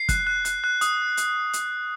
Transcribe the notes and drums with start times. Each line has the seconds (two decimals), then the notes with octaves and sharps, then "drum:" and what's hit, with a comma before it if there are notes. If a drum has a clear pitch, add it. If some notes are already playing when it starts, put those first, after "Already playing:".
Already playing: C7
0.09 F#6, drum: kick, hi-hat
0.27 F#6
0.45 F#6, drum: hi-hat
0.64 F#6
0.81 D#6, drum: hi-hat
1.17 drum: hi-hat
1.53 drum: hi-hat